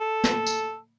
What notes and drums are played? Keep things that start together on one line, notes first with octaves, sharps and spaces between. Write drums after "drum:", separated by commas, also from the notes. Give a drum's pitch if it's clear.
A4
drum: snare
drum: tambourine